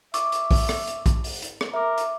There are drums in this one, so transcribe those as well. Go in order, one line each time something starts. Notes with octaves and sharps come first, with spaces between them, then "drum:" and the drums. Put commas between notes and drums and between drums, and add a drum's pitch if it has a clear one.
E5 C#6 D6 E6, drum: hi-hat
drum: hi-hat
drum: kick, open hi-hat
drum: rim click
drum: hi-hat
drum: kick, hi-hat
drum: open hi-hat
drum: hi-hat
drum: rim click
A#4 E5 D6
drum: hi-hat